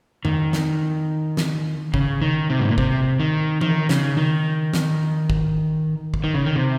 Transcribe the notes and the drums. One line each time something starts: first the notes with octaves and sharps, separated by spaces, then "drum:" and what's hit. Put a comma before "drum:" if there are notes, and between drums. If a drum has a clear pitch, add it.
D#3, drum: tom F2
drum: snare
drum: snare
C#3, drum: kick
D#3
C3
G#2
A#2
C3, drum: kick
D#3
D#3, drum: tom E3
C#3, drum: snare
D#3
drum: snare
drum: kick
drum: kick
D#3
C#3
D#3
C3